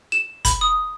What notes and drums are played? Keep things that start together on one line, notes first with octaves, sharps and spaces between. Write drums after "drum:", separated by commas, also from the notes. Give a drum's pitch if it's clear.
E7
B5, drum: kick, hi-hat
D#6